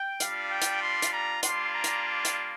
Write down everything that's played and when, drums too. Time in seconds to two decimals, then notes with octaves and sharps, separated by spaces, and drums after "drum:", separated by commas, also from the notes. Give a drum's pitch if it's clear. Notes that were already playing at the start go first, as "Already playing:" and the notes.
Already playing: G5
0.20 G3 D4 F4 F5, drum: hi-hat
0.52 G5
0.62 drum: hi-hat
0.82 C6
1.02 drum: hi-hat
1.13 A#5
1.43 G3 A#3 D4 F4 C6, drum: hi-hat
1.74 A#5
1.84 drum: hi-hat
2.25 drum: hi-hat